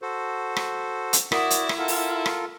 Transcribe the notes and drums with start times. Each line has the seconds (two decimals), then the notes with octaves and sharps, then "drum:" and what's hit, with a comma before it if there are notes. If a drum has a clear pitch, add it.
0.02 F#4 A4 C5
0.56 drum: rim click
1.13 drum: hi-hat
1.32 E4 F#4 A#4 D5 F#5 D#6, drum: rim click
1.50 drum: hi-hat
1.69 drum: rim click
1.78 F4 A4 A#4 F#5
1.88 drum: open hi-hat
2.26 drum: rim click